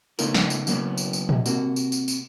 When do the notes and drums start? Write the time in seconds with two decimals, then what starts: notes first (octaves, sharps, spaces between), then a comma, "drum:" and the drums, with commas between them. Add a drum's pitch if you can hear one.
0.19 C#3 A3 B3 D#4 F4 A#4, drum: tambourine
0.34 drum: snare
0.50 drum: tambourine
0.67 C#3 F#3 A#3 B3 C#4, drum: tambourine
0.98 drum: tambourine
1.13 drum: tambourine
1.29 drum: tom A#2
1.46 C3 A#3 F#4, drum: tambourine
1.76 drum: tambourine
1.92 drum: tambourine
2.08 drum: tambourine